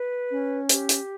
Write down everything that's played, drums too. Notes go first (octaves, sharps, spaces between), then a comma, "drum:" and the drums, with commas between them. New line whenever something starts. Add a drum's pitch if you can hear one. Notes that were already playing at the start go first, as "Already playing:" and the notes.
Already playing: B4
C#4
G4, drum: hi-hat
drum: hi-hat